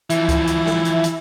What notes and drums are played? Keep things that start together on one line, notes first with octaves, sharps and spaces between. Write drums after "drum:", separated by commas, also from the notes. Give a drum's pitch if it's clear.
E3 F3 E4, drum: hi-hat
drum: kick C#2, hi-hat
drum: hi-hat
drum: snare
drum: hi-hat
drum: hi-hat